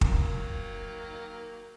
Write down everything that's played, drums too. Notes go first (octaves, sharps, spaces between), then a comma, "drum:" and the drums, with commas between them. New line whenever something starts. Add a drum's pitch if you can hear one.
D#3 F#3 A#3, drum: kick